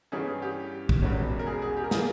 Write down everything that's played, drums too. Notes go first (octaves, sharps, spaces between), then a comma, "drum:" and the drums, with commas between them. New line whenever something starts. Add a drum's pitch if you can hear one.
G2 E3 G3 C#4 G#4
G#4
G4
drum: kick
E1 E2 B2 G3 C#4
A#4
G#4
G#4
G4
A#4
E3 G3 A#3 G#4, drum: snare